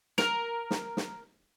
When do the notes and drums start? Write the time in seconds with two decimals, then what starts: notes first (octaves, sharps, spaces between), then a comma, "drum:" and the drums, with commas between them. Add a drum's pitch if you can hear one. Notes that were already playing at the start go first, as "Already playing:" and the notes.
0.18 A#4, drum: snare
0.71 drum: snare
0.97 drum: snare